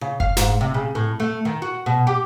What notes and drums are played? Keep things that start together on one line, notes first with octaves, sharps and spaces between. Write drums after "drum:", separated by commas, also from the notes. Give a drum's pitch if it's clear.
C#3
F5, drum: kick F#1
G#2, drum: snare
C3
C#3
A2
A3
D#3
F#4
B2
G4